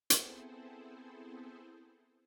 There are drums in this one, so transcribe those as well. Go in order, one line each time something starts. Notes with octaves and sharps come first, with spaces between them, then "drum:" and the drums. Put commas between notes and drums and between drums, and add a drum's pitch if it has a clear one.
B3 C4 E4 G#4 A4 C5, drum: hi-hat